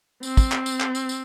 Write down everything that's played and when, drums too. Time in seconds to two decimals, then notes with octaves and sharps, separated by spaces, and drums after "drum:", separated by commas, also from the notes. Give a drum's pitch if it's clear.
0.23 C4, drum: tambourine
0.37 drum: kick, tambourine
0.52 drum: clap
0.66 drum: tambourine
0.80 drum: clap
0.95 drum: tambourine
1.09 drum: tambourine